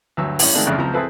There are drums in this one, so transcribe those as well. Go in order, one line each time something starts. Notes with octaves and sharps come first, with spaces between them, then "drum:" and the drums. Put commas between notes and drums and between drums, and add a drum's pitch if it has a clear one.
D2 G2 F#3 A5 E6
A2 G3 C#4, drum: open hi-hat
D#3 G#3 A3 C4 D4 F4
A1 F2 C#3 D4 F6 F#6
C#2 F3 F#3 C4 A#5
C4 E4 G#4 A4 B4 C5